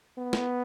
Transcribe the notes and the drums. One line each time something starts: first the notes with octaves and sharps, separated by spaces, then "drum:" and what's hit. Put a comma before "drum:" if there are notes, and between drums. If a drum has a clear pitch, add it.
B3
drum: snare